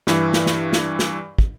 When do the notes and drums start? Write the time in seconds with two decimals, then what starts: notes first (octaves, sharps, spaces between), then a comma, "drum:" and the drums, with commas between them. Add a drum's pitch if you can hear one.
0.07 G2 E3, drum: snare
0.33 drum: snare
0.46 drum: snare
0.73 drum: snare
0.99 drum: snare
1.39 drum: kick